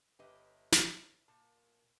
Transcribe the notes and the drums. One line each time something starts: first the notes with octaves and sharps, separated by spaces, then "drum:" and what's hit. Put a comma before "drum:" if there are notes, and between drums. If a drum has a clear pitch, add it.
G1 G4 B4 D#5 E5
drum: snare
A#2 A5